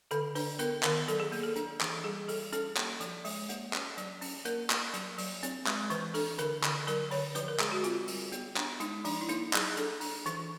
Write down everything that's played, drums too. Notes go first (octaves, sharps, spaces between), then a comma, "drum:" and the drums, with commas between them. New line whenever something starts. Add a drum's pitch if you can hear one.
D3 A4, drum: hi-hat
D4 B4, drum: open hi-hat
B3 A#4, drum: hi-hat
D#3 A#4, drum: clap
F#3 A4, drum: hi-hat
G#4
A#3, drum: open hi-hat
A4
D4, drum: hi-hat
E3, drum: clap
G3 G#4
G3 A4, drum: open hi-hat
C#4 A4, drum: hi-hat
A#3, drum: clap
F3, drum: hi-hat
G#3, drum: open hi-hat
A#3, drum: hi-hat
C#4, drum: clap
F#3, drum: hi-hat
C#4, drum: open hi-hat
A#3 A#4, drum: hi-hat
A#3, drum: clap
F#3, drum: hi-hat
F#3, drum: open hi-hat
C4, drum: hi-hat
G#3, drum: clap
E3 B4, drum: hi-hat
D4 A4, drum: open hi-hat
D3 A#4, drum: hi-hat
D3, drum: clap
F#3 A#4, drum: hi-hat
D3 C#5, drum: open hi-hat
F3 B4, drum: hi-hat
A#4
G#3 G#4, drum: clap
F#4
C4 F4, drum: hi-hat
G3, drum: open hi-hat
B3, drum: hi-hat
D4, drum: clap
G#3 D#4, drum: hi-hat
F3 D4, drum: open hi-hat
E4
A#3 D#4, drum: hi-hat
F#3 G#4, drum: clap
D4 A4, drum: hi-hat
D4, drum: open hi-hat
E3, drum: hi-hat